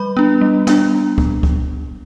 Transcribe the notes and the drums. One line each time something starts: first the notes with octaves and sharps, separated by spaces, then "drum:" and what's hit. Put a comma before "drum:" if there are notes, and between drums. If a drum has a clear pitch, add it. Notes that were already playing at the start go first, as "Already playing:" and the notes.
Already playing: G3 B4 B5
B3 D4
G3
B3 D4, drum: snare
drum: kick C#2
drum: kick C#2